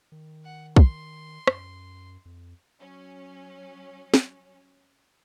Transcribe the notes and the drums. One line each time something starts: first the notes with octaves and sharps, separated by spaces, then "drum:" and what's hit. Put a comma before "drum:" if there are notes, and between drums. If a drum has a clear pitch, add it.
D#3
F#5
C6, drum: kick
F#2, drum: rim click
F2
F#3 C#4
drum: snare